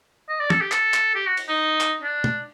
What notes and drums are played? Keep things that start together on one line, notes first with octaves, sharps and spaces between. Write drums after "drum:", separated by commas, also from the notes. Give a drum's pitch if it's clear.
D#5
D5
A4, drum: tom
G4
A4, drum: clap
drum: clap
G4
F#4
drum: cymbal
D#4
drum: clap
D4
drum: tom